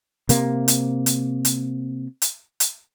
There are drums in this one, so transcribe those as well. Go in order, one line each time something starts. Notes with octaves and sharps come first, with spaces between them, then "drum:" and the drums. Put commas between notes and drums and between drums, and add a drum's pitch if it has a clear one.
C3 A#3, drum: hi-hat
drum: hi-hat
drum: hi-hat
drum: hi-hat
drum: hi-hat
drum: hi-hat